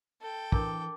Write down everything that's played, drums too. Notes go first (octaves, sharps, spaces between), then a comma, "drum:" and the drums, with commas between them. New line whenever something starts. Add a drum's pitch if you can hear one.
A4 G5
E3 D4 A#4 A#5 D6, drum: kick